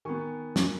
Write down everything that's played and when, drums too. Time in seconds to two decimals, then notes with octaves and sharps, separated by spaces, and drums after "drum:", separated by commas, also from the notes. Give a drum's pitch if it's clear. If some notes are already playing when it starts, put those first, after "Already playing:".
0.05 D#3 B3 G#5 C#6
0.56 drum: snare